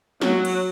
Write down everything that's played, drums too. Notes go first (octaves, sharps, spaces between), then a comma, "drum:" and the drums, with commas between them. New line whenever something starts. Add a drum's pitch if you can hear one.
F#3, drum: snare
drum: cymbal